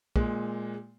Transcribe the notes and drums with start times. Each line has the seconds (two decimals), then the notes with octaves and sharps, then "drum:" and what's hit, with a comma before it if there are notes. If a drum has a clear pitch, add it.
0.16 A#2 G#3, drum: kick